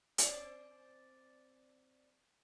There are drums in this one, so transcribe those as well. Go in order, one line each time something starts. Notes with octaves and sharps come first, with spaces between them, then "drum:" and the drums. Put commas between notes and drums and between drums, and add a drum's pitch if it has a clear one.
C4 D5, drum: hi-hat